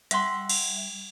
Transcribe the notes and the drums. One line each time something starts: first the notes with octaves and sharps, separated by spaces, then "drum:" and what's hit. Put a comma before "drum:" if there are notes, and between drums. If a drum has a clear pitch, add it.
G3 E5 F#5 C6, drum: hi-hat
drum: cymbal